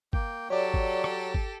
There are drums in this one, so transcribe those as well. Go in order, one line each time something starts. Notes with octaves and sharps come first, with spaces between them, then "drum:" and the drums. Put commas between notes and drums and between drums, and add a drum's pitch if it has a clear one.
A#3 G5, drum: kick
F#3 G4 A4 C#5 D5
drum: kick
drum: rim click
drum: kick